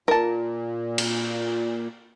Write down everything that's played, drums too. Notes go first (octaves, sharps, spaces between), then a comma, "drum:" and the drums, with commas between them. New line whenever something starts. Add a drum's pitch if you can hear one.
A#2 A#4 A5
drum: cymbal